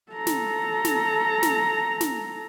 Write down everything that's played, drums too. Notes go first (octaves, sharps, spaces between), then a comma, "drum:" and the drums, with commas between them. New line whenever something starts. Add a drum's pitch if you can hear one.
A4 A#5
drum: snare
drum: snare
drum: snare
drum: snare